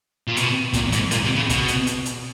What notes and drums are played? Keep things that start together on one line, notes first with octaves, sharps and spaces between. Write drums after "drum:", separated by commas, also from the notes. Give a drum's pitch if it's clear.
A#2
B2, drum: hi-hat
A#2, drum: kick, hi-hat
G#2, drum: hi-hat
A#2, drum: hi-hat
C3
C#3
B2, drum: kick, hi-hat
drum: hi-hat
drum: hi-hat
drum: hi-hat